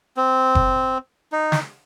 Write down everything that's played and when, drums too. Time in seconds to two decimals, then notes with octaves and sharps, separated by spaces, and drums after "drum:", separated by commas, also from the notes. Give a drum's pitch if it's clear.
0.17 C4
0.55 drum: kick F#1
1.32 D#4
1.52 drum: snare